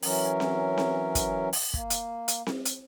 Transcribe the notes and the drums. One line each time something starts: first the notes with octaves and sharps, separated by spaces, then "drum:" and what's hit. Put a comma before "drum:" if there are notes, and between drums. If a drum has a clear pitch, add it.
E3 F#3 C#4 A#4, drum: open hi-hat
drum: snare C4
drum: snare C4
drum: kick, hi-hat
drum: open hi-hat
A#3, drum: kick
drum: hi-hat
drum: hi-hat
drum: snare C4
drum: hi-hat